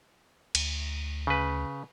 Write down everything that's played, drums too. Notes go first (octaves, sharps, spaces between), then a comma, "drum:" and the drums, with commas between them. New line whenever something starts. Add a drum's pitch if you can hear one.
D2, drum: cymbal
C#3 B4